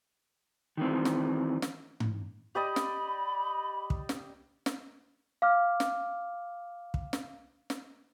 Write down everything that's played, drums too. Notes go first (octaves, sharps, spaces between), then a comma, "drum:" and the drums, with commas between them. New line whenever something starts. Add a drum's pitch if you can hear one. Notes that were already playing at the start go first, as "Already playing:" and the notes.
D#3 E3 C4
drum: snare
drum: snare
drum: tom G#2
G4 D5 D#5 B5
drum: snare
drum: kick
drum: snare
drum: snare
F5 D6 F6
drum: snare
drum: kick
drum: snare
drum: snare